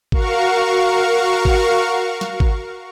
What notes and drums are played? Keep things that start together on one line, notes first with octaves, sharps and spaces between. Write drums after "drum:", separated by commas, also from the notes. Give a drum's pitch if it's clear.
F#4 A#4 F5 C#6, drum: kick G#1
drum: kick G#1
drum: snare
drum: kick G#1